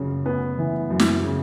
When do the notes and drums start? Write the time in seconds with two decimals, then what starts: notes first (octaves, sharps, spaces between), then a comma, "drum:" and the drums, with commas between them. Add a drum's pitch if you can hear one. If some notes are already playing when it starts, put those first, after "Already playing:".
Already playing: F#2 C#3
0.26 B3
0.59 E3
0.90 F#2
0.99 drum: snare
1.23 C#3